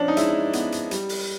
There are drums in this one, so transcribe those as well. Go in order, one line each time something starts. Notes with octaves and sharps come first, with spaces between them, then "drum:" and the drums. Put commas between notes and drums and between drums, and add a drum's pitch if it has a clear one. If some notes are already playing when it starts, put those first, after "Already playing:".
Already playing: F3 C#4 D4
D#4
G#3 E4, drum: hi-hat
B3, drum: hi-hat
drum: hi-hat
G3, drum: hi-hat
drum: open hi-hat